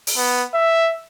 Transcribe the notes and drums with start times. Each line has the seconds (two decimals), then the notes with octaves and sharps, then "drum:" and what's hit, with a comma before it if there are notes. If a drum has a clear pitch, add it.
0.07 drum: open hi-hat
0.17 B3
0.54 E5